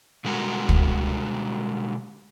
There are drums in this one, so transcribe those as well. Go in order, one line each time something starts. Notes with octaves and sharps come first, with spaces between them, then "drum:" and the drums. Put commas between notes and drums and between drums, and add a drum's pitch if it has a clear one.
B2 D3 G3 G#3 F#4 A#4
drum: kick